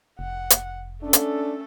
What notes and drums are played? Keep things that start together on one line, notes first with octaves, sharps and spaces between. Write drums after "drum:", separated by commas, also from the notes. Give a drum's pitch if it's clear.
F1 F#5
drum: hi-hat
A3 C#4 D4 A4
drum: hi-hat